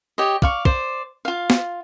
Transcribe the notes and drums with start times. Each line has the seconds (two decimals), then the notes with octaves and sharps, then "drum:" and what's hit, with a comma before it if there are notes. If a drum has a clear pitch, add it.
0.18 G4 C#5 D#5
0.42 D5 F5 C#6, drum: kick
0.65 C5 D5, drum: kick
1.25 F4 F5
1.50 drum: snare